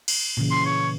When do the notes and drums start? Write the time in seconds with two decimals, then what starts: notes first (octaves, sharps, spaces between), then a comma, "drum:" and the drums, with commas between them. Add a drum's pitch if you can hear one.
0.08 drum: cymbal
0.37 A#2 C#3 E3
0.51 C6
0.66 C#5